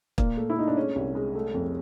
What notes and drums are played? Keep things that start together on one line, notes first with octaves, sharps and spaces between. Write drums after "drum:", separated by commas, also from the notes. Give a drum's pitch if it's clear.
A#2 A#3, drum: kick
A3
E4
A3 D#4
D4
G#3 C#4
C2
G#3
A3
F2